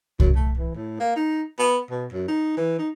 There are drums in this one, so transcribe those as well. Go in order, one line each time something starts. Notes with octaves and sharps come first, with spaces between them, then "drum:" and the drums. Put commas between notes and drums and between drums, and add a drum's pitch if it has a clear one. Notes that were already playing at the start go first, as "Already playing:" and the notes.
F#2, drum: kick C2
A3
E3
A2
A#3
D#4
B3
B2
F#2
D#4
E3
D#4